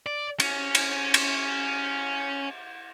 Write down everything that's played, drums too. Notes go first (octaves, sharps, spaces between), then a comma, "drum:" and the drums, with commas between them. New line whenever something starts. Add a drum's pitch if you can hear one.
D5
C#4, drum: cymbal
drum: cymbal
drum: cymbal